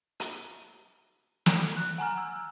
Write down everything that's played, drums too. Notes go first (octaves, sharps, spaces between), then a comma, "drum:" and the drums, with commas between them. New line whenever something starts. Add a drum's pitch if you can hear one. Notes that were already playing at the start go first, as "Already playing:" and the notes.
drum: hi-hat
drum: snare
F#6
F#5 G#5 A#5 F6
E6